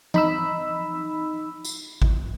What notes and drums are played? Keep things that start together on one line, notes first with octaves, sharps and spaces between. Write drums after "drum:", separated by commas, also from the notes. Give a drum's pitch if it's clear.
D#4 B5 E6, drum: tom F3
drum: tambourine
drum: kick A1